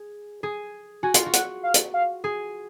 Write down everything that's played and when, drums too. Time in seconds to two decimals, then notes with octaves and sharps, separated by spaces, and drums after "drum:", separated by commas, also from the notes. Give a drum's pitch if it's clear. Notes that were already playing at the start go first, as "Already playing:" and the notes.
Already playing: G#4
0.43 G#4
1.03 F#4 G#5
1.14 F4, drum: hi-hat
1.26 F#4
1.33 F#5, drum: hi-hat
1.63 F5
1.74 drum: hi-hat
1.94 F5
2.24 G#4